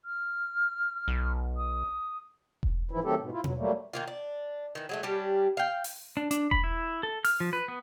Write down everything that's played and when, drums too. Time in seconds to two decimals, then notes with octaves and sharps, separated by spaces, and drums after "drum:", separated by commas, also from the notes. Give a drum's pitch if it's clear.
0.05 F6
1.08 B1
1.57 D#6
2.63 drum: kick E1
2.91 G#2 E3 F3 E4
3.04 D#3 F#3 A3 C4 G4 A4
3.19 G#2 B2
3.32 E4 F4
3.44 B2 F#3, drum: tom B2
3.57 F#3 G3 A3 A#3
3.93 D#3 A#3 F4
4.07 D4
4.75 D#3 E3
4.89 F#3 G#3 A3
5.03 G3 C#4 D4 G4
5.57 F5 G5
5.84 drum: open hi-hat
6.17 D4
6.31 D4, drum: hi-hat
6.51 B5, drum: kick E1
6.64 E4
7.03 A4
7.25 F6, drum: open hi-hat
7.40 F3
7.53 B4
7.68 B3